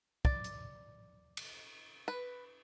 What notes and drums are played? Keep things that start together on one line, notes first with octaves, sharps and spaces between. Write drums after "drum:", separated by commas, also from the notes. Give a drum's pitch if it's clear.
D5, drum: kick
drum: hi-hat
drum: cymbal
B4